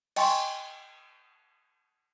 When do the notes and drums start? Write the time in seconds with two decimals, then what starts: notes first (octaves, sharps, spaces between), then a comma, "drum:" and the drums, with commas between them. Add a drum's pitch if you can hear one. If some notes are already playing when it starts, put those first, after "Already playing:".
0.16 D#5 G5 G#5 C6 C#6, drum: cymbal